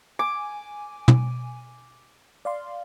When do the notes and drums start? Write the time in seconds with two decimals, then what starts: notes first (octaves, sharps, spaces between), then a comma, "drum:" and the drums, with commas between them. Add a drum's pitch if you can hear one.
0.19 G#5 D6
1.08 drum: tom
2.45 D5 F5 C6